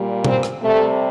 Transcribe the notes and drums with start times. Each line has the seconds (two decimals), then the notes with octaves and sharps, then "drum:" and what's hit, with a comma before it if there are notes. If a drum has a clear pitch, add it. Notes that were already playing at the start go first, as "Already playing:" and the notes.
Already playing: A#2 G3
0.24 C4, drum: tom B2
0.43 drum: rim click
0.62 C3 G3 A3